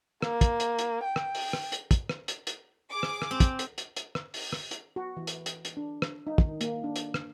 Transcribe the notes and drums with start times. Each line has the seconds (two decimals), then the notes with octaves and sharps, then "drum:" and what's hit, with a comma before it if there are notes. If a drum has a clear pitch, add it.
0.22 A#3, drum: rim click
0.41 drum: kick, hi-hat
0.60 drum: hi-hat
0.79 drum: hi-hat
1.04 G5
1.16 drum: rim click
1.35 drum: open hi-hat
1.53 drum: rim click
1.72 drum: hi-hat
1.91 drum: kick, hi-hat
2.09 drum: rim click
2.28 drum: hi-hat
2.47 drum: hi-hat
2.91 G#4 D6
3.03 drum: rim click
3.22 drum: rim click
3.31 C4
3.40 drum: kick, hi-hat
3.59 drum: hi-hat
3.78 drum: hi-hat
3.96 drum: hi-hat
4.15 drum: rim click
4.34 drum: open hi-hat
4.53 drum: rim click
4.71 drum: hi-hat
4.96 F#4
5.17 E3
5.27 drum: hi-hat
5.46 drum: hi-hat
5.65 drum: hi-hat
5.77 D4
6.02 drum: rim click
6.27 D#4
6.38 D#3, drum: kick
6.61 A#3, drum: hi-hat
6.84 D4
6.96 drum: hi-hat
7.14 drum: rim click